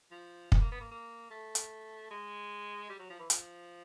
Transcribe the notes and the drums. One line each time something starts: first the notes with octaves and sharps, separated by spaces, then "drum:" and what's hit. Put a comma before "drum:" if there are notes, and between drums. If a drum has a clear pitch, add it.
F3
E3, drum: kick
A#3
B3
A#3
A#3
A3
drum: hi-hat
G#3
G3
F#3
F3
E3
F3, drum: hi-hat